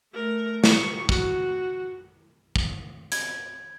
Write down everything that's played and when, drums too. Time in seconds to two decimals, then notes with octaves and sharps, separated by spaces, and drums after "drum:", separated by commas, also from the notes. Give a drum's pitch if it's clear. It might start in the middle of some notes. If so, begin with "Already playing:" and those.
0.14 A3 A#4
0.64 C#6, drum: snare
1.09 F#4, drum: kick
2.56 drum: kick
3.12 G#6, drum: hi-hat